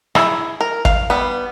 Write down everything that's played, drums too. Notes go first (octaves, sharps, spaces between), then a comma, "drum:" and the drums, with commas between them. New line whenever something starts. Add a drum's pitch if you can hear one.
E4 G#4, drum: rim click
A#4
F5, drum: kick
G3 B3